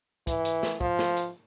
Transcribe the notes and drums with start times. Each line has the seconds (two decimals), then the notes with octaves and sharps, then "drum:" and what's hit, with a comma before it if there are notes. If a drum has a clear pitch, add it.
0.27 E3, drum: kick, hi-hat
0.45 drum: hi-hat
0.63 drum: snare
0.81 F3, drum: kick
0.99 drum: snare
1.17 drum: hi-hat